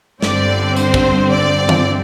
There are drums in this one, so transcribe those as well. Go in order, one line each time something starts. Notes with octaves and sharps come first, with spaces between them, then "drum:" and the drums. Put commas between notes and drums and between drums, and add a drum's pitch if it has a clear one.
G1 G2 D3 C4 D5, drum: snare
C5, drum: tambourine
drum: kick
D5
drum: tom D#3